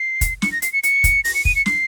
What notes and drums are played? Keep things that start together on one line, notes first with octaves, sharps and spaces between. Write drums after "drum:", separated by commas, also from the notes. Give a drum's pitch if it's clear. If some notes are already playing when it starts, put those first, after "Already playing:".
Already playing: C7
drum: kick, hi-hat
C#7, drum: snare
A#6
C7, drum: hi-hat
C#7
C#7, drum: hi-hat
drum: kick, hi-hat
A#6, drum: open hi-hat
C#7
D#7, drum: kick
C#7
C7, drum: snare